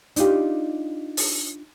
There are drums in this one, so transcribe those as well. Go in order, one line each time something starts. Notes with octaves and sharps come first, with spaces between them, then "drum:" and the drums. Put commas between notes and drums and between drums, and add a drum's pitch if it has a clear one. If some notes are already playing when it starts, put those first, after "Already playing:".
D4 D#4 F4 G4, drum: hi-hat
drum: open hi-hat